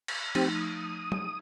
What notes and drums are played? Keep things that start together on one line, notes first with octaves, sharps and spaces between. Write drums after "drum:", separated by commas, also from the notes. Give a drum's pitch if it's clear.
drum: cymbal
F3 A3 C4 D#4 G4, drum: cymbal
D#6
drum: tom